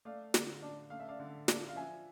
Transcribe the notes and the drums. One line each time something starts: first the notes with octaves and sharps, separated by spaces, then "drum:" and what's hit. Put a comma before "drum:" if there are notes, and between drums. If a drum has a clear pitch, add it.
A3 D5 F5
D3, drum: snare
D4
A3 F5
E5
D5 F5
D3
D4, drum: snare
F5
F3 E5 G#5